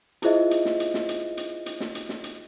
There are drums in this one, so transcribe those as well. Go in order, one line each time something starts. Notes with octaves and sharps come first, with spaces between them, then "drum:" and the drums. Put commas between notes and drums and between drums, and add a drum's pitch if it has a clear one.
E4 F4 G#4 C5 D#5 E5, drum: hi-hat
drum: hi-hat
drum: snare
drum: hi-hat
drum: snare
drum: hi-hat
drum: hi-hat
drum: hi-hat
drum: snare
drum: hi-hat
drum: snare
drum: hi-hat